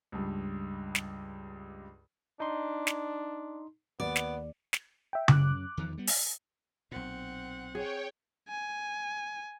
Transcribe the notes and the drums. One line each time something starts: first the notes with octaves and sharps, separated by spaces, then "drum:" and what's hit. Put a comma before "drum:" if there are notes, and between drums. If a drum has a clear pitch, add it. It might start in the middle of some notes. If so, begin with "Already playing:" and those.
C#2 G2
drum: snare
D4 D#4 C6
drum: snare
D#2 B3 D5
drum: snare
drum: snare
E5 G5
F#2 C#3 D6 F#6, drum: tom C#3
E2 D#3 F3
G3 B3
drum: open hi-hat
B1 A#2 C4 F#5
G#4 C#5 G5
G#5